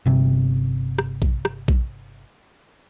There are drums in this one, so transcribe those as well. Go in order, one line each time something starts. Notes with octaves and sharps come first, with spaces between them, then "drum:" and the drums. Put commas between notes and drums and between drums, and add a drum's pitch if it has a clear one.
G1 C3
drum: rim click
drum: kick A#1
drum: rim click
drum: kick A#1